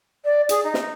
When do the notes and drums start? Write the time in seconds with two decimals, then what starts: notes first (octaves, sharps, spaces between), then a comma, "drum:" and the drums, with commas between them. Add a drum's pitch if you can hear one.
0.24 D5
0.49 G#4, drum: hi-hat
0.63 D#4
0.74 drum: snare